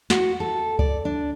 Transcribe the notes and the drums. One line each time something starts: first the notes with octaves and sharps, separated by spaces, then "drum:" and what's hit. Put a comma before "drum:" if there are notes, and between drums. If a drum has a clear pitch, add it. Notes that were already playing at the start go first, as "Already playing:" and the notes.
F#4, drum: snare
A4
D5, drum: kick C#2
D4